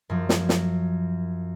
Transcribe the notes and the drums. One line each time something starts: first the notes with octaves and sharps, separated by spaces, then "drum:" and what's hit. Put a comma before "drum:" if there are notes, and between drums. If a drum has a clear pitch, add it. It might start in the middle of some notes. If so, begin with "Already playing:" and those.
F#2 F3
drum: snare
drum: snare